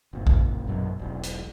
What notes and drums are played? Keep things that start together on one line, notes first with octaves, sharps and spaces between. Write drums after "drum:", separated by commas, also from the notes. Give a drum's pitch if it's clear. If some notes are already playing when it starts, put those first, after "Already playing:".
F#1 A#2
drum: kick A#1
A#1 F#2 B2 F#3
E1 B1
drum: hi-hat